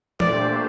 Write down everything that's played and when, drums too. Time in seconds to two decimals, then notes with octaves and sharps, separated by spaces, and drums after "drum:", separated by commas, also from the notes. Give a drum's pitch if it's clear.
0.20 A#2 A3 D4 G4 C5 D5, drum: tom E3